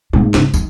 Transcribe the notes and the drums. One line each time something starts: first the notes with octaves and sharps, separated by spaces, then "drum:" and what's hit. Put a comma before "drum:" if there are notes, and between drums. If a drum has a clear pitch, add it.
G#2 B2, drum: tom
C#3, drum: snare
D#3, drum: tambourine